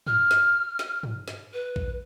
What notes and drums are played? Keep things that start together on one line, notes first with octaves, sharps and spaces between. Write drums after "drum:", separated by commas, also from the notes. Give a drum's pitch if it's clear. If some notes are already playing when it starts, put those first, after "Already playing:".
F6, drum: tom
drum: snare
drum: snare
drum: tom
drum: snare
B4
drum: kick A#1